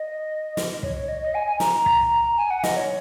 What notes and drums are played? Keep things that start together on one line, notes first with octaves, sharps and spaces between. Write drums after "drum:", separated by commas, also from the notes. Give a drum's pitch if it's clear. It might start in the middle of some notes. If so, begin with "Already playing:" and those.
Already playing: D#5
drum: snare
C#5, drum: kick
C#5
D#5
D#5
G#5
G#5
A#5, drum: snare
A#5
drum: kick
G#5
F#5
D#5, drum: snare
C#5